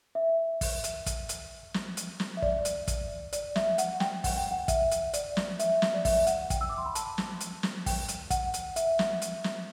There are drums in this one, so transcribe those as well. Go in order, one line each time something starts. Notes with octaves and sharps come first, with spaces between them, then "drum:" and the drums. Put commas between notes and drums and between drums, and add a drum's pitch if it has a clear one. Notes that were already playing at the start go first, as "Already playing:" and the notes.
E5
drum: kick, open hi-hat
drum: hi-hat
drum: kick, hi-hat
drum: hi-hat
drum: snare
drum: hi-hat
drum: snare
E5
D5, drum: kick
drum: hi-hat
drum: kick, hi-hat
D5, drum: hi-hat
E5, drum: snare
F#5, drum: hi-hat
G5, drum: snare
F#5, drum: kick, open hi-hat
G5
F#5
E5, drum: kick, hi-hat
drum: hi-hat
D5, drum: hi-hat
drum: snare
E5, drum: hi-hat
drum: snare
D5
E5, drum: kick, open hi-hat
F#5, drum: hi-hat
G5, drum: kick, hi-hat
E6
D6
C6
B5
A5, drum: hi-hat
drum: snare
drum: hi-hat
drum: snare
G5, drum: kick, open hi-hat
drum: hi-hat
F#5, drum: kick, hi-hat
drum: hi-hat
E5, drum: hi-hat
drum: snare
drum: hi-hat
drum: snare